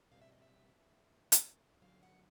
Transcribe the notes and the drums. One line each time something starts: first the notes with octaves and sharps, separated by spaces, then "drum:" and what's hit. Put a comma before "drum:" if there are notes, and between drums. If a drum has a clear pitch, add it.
B2 G3 C4 F5
E5
D#5
E5
drum: hi-hat
D#2 D3 F#3 F5
F#5